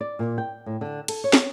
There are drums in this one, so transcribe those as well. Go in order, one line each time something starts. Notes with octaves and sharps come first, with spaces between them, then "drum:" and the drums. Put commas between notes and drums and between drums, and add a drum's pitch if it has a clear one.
D5
A#2
G5
A2
D3
A4, drum: cymbal
C#5
drum: snare